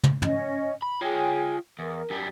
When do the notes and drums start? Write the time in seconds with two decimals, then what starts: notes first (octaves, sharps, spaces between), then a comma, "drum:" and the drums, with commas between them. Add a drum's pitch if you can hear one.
0.03 drum: tom
0.22 C#4 D#5, drum: tom
0.82 B5
1.01 F4 G#4 C#5 G5 G#5
1.79 E2 A#4
2.10 F#2 G3